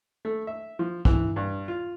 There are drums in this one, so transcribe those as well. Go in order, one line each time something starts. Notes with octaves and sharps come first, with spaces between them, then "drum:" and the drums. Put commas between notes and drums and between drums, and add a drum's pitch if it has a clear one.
A3
E5
F3
E3, drum: kick
G2
F4